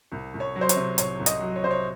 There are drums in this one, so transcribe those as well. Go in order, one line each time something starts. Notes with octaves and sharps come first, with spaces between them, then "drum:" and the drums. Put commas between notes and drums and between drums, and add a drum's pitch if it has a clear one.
C2
C2
C#5
F#3
C5
C#5, drum: hi-hat
C3
C2 C#5, drum: hi-hat
C2
D#5, drum: hi-hat
F#3
C#5
C3 C5
C#5